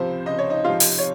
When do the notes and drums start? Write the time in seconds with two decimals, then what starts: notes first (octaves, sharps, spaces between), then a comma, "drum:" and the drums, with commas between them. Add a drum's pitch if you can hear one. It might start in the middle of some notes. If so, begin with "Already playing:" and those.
Already playing: C#2 C3 F3 C4 C5
0.25 C#2 D#5
0.39 C#5
0.50 D#4 D#5
0.64 C3 F3 F4 F5
0.80 drum: open hi-hat
0.98 C#5